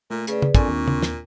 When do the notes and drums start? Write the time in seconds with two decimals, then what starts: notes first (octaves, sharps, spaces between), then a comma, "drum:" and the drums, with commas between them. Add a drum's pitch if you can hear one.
0.11 A#2 A3
0.27 C#3 G#4 B4 D5, drum: hi-hat
0.42 drum: tom C#3
0.55 A#2 C4 D4 A4 D5 G#5 C#6, drum: kick, hi-hat
0.68 D#2
0.87 drum: tom C#3
1.03 drum: snare